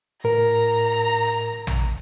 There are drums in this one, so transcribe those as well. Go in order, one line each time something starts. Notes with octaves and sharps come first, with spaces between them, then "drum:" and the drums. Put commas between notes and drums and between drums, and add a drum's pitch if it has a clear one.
A2 A#4 A#5
drum: tom